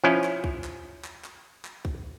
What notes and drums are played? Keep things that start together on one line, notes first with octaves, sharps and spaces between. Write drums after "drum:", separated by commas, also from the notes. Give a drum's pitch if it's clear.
F3 C#4 E4
drum: clap
drum: kick
drum: clap
drum: clap
drum: clap
drum: clap
drum: kick